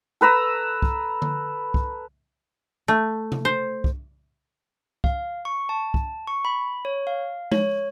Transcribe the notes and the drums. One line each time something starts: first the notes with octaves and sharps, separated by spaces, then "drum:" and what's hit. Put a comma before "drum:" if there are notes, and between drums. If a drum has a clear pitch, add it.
A4 B4 A#5 E6
drum: kick
drum: tom D3
drum: kick
A3
drum: tom C3
C5
drum: kick
F5, drum: kick
C#6
A5
drum: kick
C#6
B5
C#5
F5
C#5, drum: tom G#3